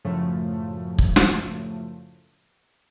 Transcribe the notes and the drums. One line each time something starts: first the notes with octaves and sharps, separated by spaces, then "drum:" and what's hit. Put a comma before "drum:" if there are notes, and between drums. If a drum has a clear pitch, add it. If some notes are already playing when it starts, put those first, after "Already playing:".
F#2 A2 C#3 F3 A3
drum: kick
drum: snare